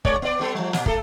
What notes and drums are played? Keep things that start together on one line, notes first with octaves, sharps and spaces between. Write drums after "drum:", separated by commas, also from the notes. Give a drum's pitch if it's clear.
G#3 C#5 D5, drum: kick
B3 D5
G3 B3 A4
F3 G3
A#2, drum: snare
A3 A4, drum: kick